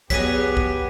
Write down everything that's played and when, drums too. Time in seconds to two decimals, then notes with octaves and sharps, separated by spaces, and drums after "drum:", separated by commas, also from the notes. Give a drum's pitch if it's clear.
0.10 E2 F#3 B3 G4 G#4 D#5 B6 D#7, drum: kick B1, hi-hat
0.57 drum: kick B1